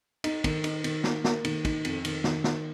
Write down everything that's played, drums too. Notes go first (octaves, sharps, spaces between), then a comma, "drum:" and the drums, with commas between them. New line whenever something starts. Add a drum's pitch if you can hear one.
D#4, drum: cymbal
D#3, drum: kick, cymbal
D#4, drum: cymbal
D#3, drum: cymbal
A#3, drum: snare
A#3, drum: snare
D#3, drum: cymbal
D#4, drum: kick, cymbal
F2, drum: cymbal
D#3, drum: cymbal
D#3, drum: snare
D#3, drum: snare